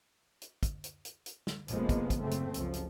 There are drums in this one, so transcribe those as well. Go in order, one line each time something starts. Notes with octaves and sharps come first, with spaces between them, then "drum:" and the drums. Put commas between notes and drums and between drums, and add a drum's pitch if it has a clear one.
drum: hi-hat
drum: kick, hi-hat
drum: hi-hat
drum: hi-hat
drum: hi-hat
drum: snare
F1 F3 G#3 A#3 B3, drum: hi-hat
drum: kick, hi-hat
drum: kick, hi-hat
F#1 A2 C#3 A3 C4
drum: hi-hat
F#1 C#2 F3, drum: hi-hat
drum: hi-hat